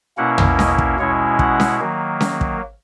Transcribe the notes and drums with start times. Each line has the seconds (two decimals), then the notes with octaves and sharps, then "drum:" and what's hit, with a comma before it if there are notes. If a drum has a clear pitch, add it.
0.17 B2 A#3 C#4 E4 F#5
0.38 drum: tom
0.59 D#5, drum: snare C#4
0.78 drum: kick
0.99 B2 G#3 C#4 E4 C#5
1.39 F#5, drum: kick
1.60 drum: snare C#4
1.80 D#3 F#3 A#3
2.21 drum: snare C#4
2.41 drum: kick